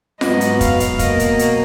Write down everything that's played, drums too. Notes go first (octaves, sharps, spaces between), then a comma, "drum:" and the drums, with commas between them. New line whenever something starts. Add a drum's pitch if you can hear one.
G#2 F#3 B3 D#5, drum: snare F4
drum: hi-hat
F5, drum: kick, hi-hat
drum: hi-hat
B2 F#3 A#3 D#5, drum: kick, hi-hat
drum: hi-hat
drum: hi-hat